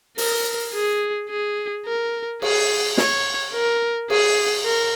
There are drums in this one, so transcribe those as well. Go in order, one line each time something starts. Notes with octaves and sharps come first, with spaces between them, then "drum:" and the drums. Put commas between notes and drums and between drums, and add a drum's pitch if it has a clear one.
A#4, drum: open hi-hat
G#4
G#4
A#4
G#4, drum: cymbal
C#5, drum: snare
A#4
G#4, drum: cymbal
A#4